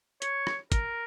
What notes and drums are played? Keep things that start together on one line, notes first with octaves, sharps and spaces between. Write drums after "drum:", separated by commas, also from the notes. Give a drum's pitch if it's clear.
C#5, drum: hi-hat
drum: rim click
A#4, drum: kick, hi-hat